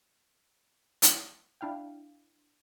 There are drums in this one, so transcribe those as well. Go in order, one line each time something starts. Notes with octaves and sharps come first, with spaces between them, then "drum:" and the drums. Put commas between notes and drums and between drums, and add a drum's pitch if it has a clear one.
drum: hi-hat
D4 E4 F5 G5